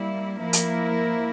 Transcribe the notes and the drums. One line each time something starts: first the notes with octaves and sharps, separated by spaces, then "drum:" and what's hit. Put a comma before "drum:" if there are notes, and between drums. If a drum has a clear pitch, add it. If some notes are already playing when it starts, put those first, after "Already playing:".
Already playing: G3 A#3 E4
F3 A#3 E4 A#4
drum: hi-hat